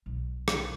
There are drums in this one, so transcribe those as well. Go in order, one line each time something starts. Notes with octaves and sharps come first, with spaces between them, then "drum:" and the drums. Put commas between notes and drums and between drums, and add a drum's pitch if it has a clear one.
B1
drum: rim click